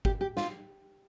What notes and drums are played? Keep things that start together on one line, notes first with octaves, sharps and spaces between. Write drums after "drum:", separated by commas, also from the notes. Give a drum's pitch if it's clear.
G4, drum: kick G1
G4
F4, drum: snare